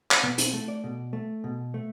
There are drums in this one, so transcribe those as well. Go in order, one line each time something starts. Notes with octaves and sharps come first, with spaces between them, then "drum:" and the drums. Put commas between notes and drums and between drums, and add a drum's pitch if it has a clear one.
drum: clap
B2 B3
C4, drum: hi-hat
A3
D5
B2
A3
B2
A3